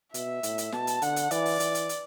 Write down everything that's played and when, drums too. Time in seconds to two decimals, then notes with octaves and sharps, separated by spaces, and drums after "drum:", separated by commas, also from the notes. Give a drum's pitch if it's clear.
0.14 B2 E5, drum: hi-hat
0.43 A2, drum: hi-hat
0.58 drum: hi-hat
0.72 B2 A5, drum: snare
0.87 drum: hi-hat
1.02 D3 F#5, drum: hi-hat
1.16 drum: hi-hat
1.31 E3 D5, drum: hi-hat
1.45 drum: open hi-hat
1.60 E3, drum: hi-hat
1.75 drum: hi-hat
1.89 drum: hi-hat